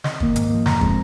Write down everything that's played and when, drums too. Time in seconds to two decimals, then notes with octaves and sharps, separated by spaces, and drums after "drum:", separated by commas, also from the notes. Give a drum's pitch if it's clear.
0.04 C3 D#5, drum: snare
0.20 D#3 A#3, drum: kick
0.36 G#2, drum: hi-hat
0.50 F3 A#3
0.66 F2 A#5, drum: snare
0.81 F3 G#3 C4, drum: kick